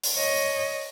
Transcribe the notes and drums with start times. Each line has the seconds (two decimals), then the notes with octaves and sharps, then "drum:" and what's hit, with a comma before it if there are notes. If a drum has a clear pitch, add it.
0.04 drum: open hi-hat
0.16 C#5 D#5